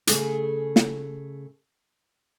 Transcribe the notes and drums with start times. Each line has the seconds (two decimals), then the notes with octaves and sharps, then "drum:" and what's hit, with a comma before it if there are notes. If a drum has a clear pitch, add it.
0.07 C#3 A3 G#4 A4, drum: hi-hat
0.76 drum: snare